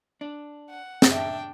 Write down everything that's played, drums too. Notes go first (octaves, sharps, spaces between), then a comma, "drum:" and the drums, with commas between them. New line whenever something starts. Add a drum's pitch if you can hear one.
D4
F#5
drum: snare
D4 E5 G5